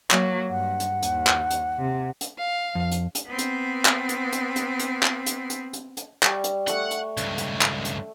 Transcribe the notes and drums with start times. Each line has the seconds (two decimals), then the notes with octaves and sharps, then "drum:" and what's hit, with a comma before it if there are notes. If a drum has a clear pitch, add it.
0.11 F#3 A#3, drum: clap
0.49 G2 F#5
0.80 drum: hi-hat
1.02 D#2, drum: hi-hat
1.27 drum: clap
1.50 drum: hi-hat
1.79 C3
2.21 drum: hi-hat
2.39 F5
2.75 F2
2.91 drum: hi-hat
3.15 drum: hi-hat
3.27 B3 C4
3.38 drum: hi-hat
3.85 drum: clap
4.09 drum: hi-hat
4.32 drum: hi-hat
4.56 drum: hi-hat
4.79 drum: hi-hat
5.03 drum: clap
5.26 drum: hi-hat
5.50 drum: hi-hat
5.73 drum: hi-hat
5.97 drum: hi-hat
6.23 G3 C#6, drum: clap
6.44 drum: hi-hat
6.67 A3 F#5 C#6, drum: hi-hat
6.91 drum: hi-hat
7.17 C#2 G2, drum: hi-hat
7.38 drum: hi-hat
7.61 drum: clap
7.85 drum: hi-hat